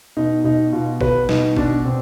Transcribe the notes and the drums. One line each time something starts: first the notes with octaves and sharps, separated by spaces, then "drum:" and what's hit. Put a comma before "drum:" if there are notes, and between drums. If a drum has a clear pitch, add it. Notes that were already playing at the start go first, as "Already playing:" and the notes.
B2 D#4
B2 D#4
B2 F4
B2 B4, drum: kick G1
B2 D#4, drum: snare
B2 D4, drum: kick G1
B2 C4